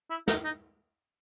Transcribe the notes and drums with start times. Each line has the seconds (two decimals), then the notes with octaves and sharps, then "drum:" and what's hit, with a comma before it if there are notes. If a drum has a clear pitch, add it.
0.10 E4
0.28 D#4, drum: snare
0.44 D#4